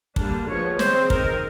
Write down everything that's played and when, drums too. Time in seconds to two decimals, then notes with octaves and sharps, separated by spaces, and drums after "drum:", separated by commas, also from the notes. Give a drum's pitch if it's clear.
0.16 D3 G3 A#3 D4, drum: kick
0.47 F3 G#3 B3 C#5
0.79 D#3 G#3 C4 C5, drum: snare
1.10 D#3 G#3 C4 A#4, drum: kick